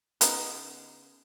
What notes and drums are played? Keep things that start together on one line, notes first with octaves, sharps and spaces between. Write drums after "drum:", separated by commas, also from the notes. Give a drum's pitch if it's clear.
C#3 B3 D#4, drum: hi-hat